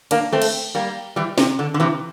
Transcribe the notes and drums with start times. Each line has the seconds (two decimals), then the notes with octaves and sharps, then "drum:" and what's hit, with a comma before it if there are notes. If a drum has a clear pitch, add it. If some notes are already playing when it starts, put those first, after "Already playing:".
0.11 A#3 D4, drum: cymbal
0.33 A3 C4
0.42 drum: cymbal
0.75 G3 A#3
1.16 E3 G3
1.38 C3, drum: snare
1.59 D3
1.74 D3
1.80 C3 E3